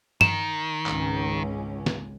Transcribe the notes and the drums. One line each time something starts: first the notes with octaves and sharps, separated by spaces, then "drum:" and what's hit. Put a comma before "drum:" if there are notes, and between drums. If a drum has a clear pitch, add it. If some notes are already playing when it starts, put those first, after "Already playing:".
D#3 E7, drum: tom G2
G#1 C#2 C#4, drum: clap
drum: snare